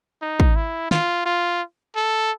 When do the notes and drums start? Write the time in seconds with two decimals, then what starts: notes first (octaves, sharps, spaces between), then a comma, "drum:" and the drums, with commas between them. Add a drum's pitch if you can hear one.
0.22 D#4
0.40 drum: kick
0.56 E4
0.91 F4, drum: snare
1.25 F4
1.95 A4